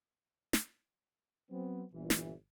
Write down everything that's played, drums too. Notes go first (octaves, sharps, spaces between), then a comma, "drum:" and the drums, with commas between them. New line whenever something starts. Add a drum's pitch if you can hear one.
drum: snare
F#3 B3 C4
G1 A#2 E3
drum: snare